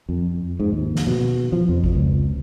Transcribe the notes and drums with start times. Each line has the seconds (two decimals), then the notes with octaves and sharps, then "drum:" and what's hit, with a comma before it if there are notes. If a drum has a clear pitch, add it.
0.09 F2
0.60 G#2
0.73 D#2
0.95 drum: snare
1.07 B2
1.52 F3
1.68 F2
1.84 drum: kick A1
1.95 C#2